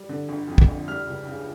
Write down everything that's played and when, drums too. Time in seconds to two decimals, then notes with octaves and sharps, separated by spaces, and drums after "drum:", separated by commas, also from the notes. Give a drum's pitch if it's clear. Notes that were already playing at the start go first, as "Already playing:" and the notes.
Already playing: G3
0.09 D3
0.29 G1
0.48 F2
0.58 drum: kick
0.68 G1
0.88 G3 F6
1.06 C#2
1.27 C#3